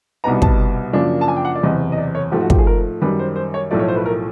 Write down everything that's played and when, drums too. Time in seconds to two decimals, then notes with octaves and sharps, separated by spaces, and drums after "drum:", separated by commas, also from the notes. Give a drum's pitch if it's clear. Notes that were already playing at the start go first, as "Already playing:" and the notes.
0.24 C2 B2 G3 B3 D#4 A#5
0.42 A5, drum: kick
0.93 F#2 C#3 F3 A#3 D4
1.21 A5
1.28 G#5
1.37 G5
1.45 F#5
1.56 D5
1.63 F#1 E2 C3 D#5
1.92 D#5
1.98 D5
2.15 C#5
2.32 G#2 F3 A3 G4
2.41 F#4
2.50 G4, drum: kick
2.59 G#4
2.67 A#4
3.02 F#2 D#3 G3 B4
3.19 C5
3.36 C5
3.54 C#5
3.71 B1 A2 F3 A3 D5
3.79 C#5
3.88 C5
3.96 B4
4.06 A#4